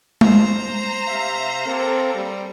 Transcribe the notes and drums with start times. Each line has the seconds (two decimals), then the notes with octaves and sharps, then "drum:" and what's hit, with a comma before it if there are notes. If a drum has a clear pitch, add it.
0.21 C5 A#5, drum: tom G#3
1.07 C3 E5 F5
1.66 A#3 C4 A4 A#4
2.15 G3